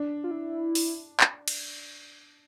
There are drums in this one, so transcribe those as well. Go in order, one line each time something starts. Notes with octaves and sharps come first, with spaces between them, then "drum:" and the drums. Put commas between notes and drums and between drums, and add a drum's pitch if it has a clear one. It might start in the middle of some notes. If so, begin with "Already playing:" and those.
Already playing: D4
F4
E4
drum: open hi-hat
drum: clap
drum: cymbal